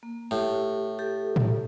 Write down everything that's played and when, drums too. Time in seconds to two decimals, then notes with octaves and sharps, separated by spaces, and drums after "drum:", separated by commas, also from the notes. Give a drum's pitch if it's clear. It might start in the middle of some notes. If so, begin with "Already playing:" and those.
0.03 A#3
0.31 A2 G4
0.99 G4 A4
1.36 drum: tom A2